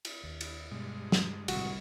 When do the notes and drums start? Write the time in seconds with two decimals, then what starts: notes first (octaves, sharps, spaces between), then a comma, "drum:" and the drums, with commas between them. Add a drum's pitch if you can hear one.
0.05 drum: cymbal
0.24 D#2
0.41 drum: cymbal
0.71 G2 B2 G#3
1.12 drum: snare
1.48 G1 C2 A2 D#3 G#3 F#4, drum: cymbal